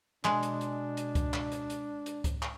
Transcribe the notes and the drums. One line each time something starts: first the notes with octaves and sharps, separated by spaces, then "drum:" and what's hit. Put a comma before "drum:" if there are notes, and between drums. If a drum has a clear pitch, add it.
B2 G#3 D4, drum: clap
drum: hi-hat
drum: hi-hat
drum: hi-hat
drum: kick C#2, hi-hat
drum: clap
drum: hi-hat
drum: hi-hat
drum: hi-hat
drum: kick C#2, hi-hat
drum: clap